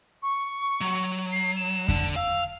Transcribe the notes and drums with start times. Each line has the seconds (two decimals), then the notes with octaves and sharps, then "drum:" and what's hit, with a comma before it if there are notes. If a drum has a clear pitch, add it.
0.22 C#6
0.81 F#3
1.32 C7
1.56 E7
1.89 D3, drum: kick F2
2.16 F5 E6